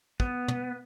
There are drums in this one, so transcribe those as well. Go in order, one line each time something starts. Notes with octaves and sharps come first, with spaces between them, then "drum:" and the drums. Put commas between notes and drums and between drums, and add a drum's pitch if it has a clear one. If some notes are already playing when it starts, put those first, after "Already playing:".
B3, drum: kick
drum: tom